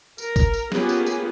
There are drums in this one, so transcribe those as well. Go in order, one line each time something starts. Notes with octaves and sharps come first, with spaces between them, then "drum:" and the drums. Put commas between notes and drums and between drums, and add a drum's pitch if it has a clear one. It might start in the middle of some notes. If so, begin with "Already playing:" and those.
A#4, drum: tambourine
drum: kick, tambourine
drum: tambourine
A#3 B3 C#4 F4 G4 G#4, drum: snare
drum: tambourine
drum: tambourine